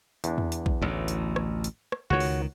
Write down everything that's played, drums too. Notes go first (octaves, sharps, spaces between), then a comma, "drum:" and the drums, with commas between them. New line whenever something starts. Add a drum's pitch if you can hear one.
E2 D4, drum: hi-hat
drum: tom E2
drum: hi-hat
drum: kick A#1
A1 D2
drum: hi-hat
drum: rim click
drum: hi-hat
drum: rim click
C#2 D#3 F#4 C#5
drum: open hi-hat